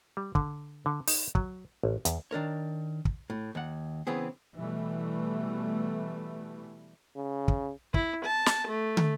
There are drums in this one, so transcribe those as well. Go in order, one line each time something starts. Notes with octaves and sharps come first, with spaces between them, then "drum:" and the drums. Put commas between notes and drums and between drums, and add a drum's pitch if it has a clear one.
G3
D3, drum: kick
D3
D#4, drum: open hi-hat
F#3, drum: kick
A1
E2, drum: hi-hat
D#3 D4 A#4 C#5
drum: kick
A2
D#2 F#5
C#3 E3 B3 C4 G#4
B2 E3 G3 A3
C#3
drum: kick
E4, drum: kick
A5
drum: snare
A3
drum: tom